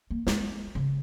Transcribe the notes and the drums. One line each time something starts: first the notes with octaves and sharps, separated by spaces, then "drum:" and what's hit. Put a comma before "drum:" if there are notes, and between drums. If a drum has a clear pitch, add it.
A#3
G#3, drum: snare
C#3